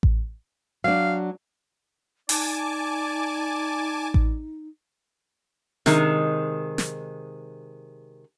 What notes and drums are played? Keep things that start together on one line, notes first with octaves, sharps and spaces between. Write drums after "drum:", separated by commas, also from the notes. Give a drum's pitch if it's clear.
drum: kick A1
F#3 D4 F5
D#4 D5 G#5 A5 D6, drum: open hi-hat
drum: kick A1
C3 D#3 G#3, drum: snare
drum: snare